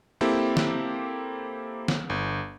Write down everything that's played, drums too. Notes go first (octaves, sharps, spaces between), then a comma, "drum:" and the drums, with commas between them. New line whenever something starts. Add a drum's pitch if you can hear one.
A#3 C4 E4 G4 A4
drum: snare
drum: snare
G1